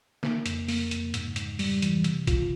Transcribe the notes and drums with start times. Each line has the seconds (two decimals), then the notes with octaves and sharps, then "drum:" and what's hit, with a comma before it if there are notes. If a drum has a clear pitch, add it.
0.23 A#3, drum: snare
0.46 F2, drum: hi-hat
0.68 A#3, drum: open hi-hat
0.91 F2, drum: hi-hat
1.14 G#2, drum: hi-hat
1.36 G#2, drum: hi-hat
1.59 G3, drum: open hi-hat
1.82 E3, drum: hi-hat
2.04 C3, drum: hi-hat
2.27 F4, drum: kick A#1, hi-hat